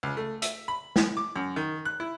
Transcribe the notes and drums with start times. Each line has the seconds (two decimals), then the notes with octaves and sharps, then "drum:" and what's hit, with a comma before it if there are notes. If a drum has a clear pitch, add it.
0.03 C#2
0.17 A3
0.42 E5, drum: hi-hat
0.68 B5
0.96 drum: snare
1.17 D6
1.36 F#2
1.56 D#3
1.85 F#6
2.00 E4